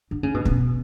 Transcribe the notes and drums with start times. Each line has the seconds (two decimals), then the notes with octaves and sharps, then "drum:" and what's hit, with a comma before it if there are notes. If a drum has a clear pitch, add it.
0.11 D3
0.23 C#3
0.34 B2
0.45 B2, drum: kick